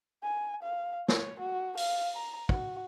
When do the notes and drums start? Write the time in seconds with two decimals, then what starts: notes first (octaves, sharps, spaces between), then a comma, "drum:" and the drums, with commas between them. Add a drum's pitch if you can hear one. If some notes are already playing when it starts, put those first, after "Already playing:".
0.23 G#5
0.62 F5
1.08 C#5, drum: snare
1.40 F#4
1.77 F5, drum: open hi-hat
2.15 A#5
2.49 F#4, drum: kick